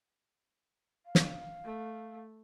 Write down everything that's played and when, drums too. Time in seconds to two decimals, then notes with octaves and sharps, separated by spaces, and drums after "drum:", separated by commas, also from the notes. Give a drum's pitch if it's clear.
1.06 F5
1.15 drum: snare
1.64 A3